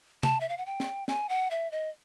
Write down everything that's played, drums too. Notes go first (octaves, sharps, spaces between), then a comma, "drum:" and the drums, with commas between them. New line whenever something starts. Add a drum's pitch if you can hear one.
A5, drum: tom
E5
F5
F#5
G5
drum: snare
G#5, drum: snare
F#5
E5
D#5